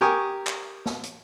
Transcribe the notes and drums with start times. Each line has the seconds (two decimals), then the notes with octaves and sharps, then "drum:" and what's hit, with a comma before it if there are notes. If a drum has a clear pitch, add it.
0.01 G4 A#4 G#5 C#6 D#6
0.47 drum: clap
0.86 drum: snare
1.03 drum: hi-hat